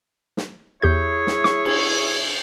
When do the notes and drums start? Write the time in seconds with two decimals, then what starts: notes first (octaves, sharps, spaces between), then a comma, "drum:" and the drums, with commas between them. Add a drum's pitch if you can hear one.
0.37 drum: snare
0.82 E2 E4 G4 G#4 C#5 G6
1.27 drum: snare
1.44 C#6, drum: snare
1.65 drum: cymbal